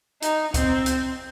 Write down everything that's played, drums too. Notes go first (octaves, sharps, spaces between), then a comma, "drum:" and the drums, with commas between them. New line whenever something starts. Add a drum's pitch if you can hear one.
D#4, drum: hi-hat
C4, drum: kick C#2, hi-hat
drum: hi-hat